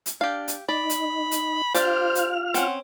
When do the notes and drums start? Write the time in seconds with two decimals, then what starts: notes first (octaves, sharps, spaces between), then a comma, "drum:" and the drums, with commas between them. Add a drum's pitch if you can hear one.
0.06 drum: hi-hat
0.21 D4 G4 F5
0.48 drum: hi-hat
0.69 D#4 D5 B5
0.89 drum: hi-hat
1.31 drum: hi-hat
1.74 D4 F4 G4 C5 D5 F5 F6, drum: hi-hat
2.15 drum: hi-hat
2.54 C4 C#4 F#5, drum: hi-hat